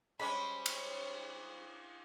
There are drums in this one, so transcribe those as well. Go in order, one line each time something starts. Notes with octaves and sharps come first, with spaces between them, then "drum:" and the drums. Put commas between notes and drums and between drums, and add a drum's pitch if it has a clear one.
G3 G#3 C#4 C5 C#5 B5
drum: cymbal